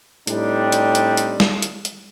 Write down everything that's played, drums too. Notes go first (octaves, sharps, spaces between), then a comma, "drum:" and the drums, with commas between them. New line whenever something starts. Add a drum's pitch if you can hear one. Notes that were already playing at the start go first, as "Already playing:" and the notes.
A2 G3 C4 D4 D#4, drum: hi-hat
drum: hi-hat
drum: hi-hat
drum: hi-hat
drum: snare
drum: hi-hat
drum: hi-hat